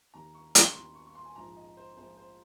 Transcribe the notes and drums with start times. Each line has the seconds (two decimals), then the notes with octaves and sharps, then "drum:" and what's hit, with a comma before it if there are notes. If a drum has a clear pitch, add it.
0.14 D#2 D#3 A#5
0.34 C#6
0.55 C6, drum: hi-hat
0.67 C#6
0.75 D#2 D#3 C6
0.95 C#6
1.06 C#6
1.15 C6
1.25 G#5
1.36 A#1 G#2 F3 A#5
1.57 D#5
1.77 C5
1.97 A#1 G#2 F3 C5
2.17 C5